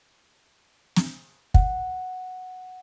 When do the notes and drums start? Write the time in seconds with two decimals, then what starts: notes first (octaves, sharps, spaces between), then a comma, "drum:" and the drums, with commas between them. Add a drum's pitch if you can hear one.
0.96 drum: snare
1.54 F#5, drum: kick